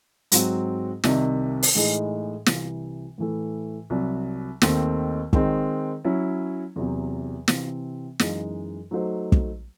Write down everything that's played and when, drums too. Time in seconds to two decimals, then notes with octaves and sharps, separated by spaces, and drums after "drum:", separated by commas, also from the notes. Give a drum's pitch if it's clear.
0.32 G#2 F#3 C4 F#4, drum: hi-hat
1.04 C2 C3 D#3, drum: snare
1.63 drum: open hi-hat
1.75 A2 E3 G#3 D#4 G#4
2.46 C2 C3 E3, drum: snare
3.18 A2 E3 A3
3.90 C2 C3 F#3
4.62 D#2 D#3 A3 C4 D#4, drum: snare
5.33 D#3 G#3 C4, drum: kick
6.04 F#3 C#4 E4
6.76 E2 C3 F#3
7.48 C3 E3 C4, drum: snare
8.19 F#2 E3 G#3 D#4, drum: snare
8.91 F#3 A3 D#4 F#4 C5
9.32 drum: kick